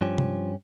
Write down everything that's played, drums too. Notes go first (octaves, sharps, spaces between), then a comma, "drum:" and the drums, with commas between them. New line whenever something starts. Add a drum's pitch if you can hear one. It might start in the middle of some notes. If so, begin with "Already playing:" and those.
G2 F3 C#4 G4
drum: tom C3